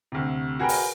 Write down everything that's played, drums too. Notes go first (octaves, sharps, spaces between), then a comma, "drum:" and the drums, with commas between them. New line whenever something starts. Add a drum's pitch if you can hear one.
D2 C3
F#4 G#4 A#4 B4 G5
drum: open hi-hat